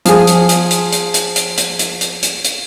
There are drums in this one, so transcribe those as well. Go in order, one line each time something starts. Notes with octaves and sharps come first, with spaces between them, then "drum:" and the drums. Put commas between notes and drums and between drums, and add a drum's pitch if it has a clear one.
F3 G#4, drum: hi-hat
drum: hi-hat
drum: hi-hat
drum: hi-hat
drum: hi-hat
drum: hi-hat
drum: hi-hat
drum: hi-hat
drum: hi-hat
drum: hi-hat
drum: hi-hat
drum: hi-hat